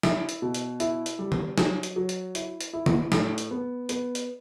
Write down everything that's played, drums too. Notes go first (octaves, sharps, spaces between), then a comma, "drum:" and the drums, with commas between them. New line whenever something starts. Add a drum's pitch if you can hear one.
E4, drum: snare
drum: hi-hat
B2
drum: hi-hat
E4, drum: hi-hat
drum: hi-hat
G3
drum: tom D#3
F#3, drum: snare
drum: hi-hat
F#3
drum: hi-hat
E4, drum: hi-hat
drum: hi-hat
E4
drum: tom
A2, drum: snare
drum: hi-hat
B3
B3, drum: hi-hat
drum: hi-hat